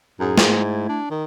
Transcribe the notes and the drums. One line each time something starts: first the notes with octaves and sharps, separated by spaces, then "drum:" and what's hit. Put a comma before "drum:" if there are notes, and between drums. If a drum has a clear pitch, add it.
F#2 A2 D#4 G#4
G#2, drum: snare
A3 E4
D4
D#3